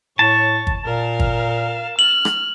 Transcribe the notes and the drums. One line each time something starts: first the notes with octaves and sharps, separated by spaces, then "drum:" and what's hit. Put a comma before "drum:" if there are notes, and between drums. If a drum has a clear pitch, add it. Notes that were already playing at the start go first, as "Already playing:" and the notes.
A2 C#5 A5 C#6
drum: kick
A#2 A#4 F5
drum: kick
F6 F#7
drum: rim click